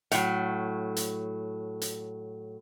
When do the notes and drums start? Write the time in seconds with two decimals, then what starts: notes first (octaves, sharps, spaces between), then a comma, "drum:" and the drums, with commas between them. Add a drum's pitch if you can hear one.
0.11 A2 F#3, drum: hi-hat
0.97 drum: hi-hat
1.82 drum: hi-hat